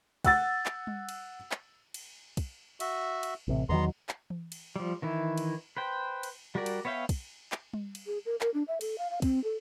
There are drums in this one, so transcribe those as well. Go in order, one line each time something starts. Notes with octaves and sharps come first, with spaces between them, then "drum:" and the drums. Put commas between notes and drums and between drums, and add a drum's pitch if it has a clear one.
F#5 E6 A6, drum: kick, cymbal
drum: clap
drum: tom G3
drum: cymbal
drum: clap
drum: cymbal
drum: kick, cymbal
F#4 E5, drum: cymbal
drum: cymbal
A1 C3
E2 D#3 F#3 B3 A#5 C6
drum: clap
drum: tom E3
drum: cymbal
F3 G3
D#3 E3 E4
drum: cymbal
B4 C5 G5
drum: cymbal
G3 F#4 G4 A#4 D5
drum: cymbal
B3 C#5 E5 F5 G5
drum: kick, cymbal
drum: clap
drum: tom G3
drum: cymbal
G#4
A#4
A#4, drum: clap
D4
E5
A4, drum: cymbal
F5
F5
C4, drum: kick, cymbal
A4